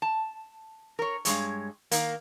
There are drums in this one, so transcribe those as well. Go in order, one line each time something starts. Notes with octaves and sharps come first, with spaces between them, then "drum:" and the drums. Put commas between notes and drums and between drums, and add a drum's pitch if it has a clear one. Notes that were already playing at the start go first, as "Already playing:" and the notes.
A5
A#4 C#5
G2 G#3 C#5, drum: hi-hat
D#3 A#3, drum: hi-hat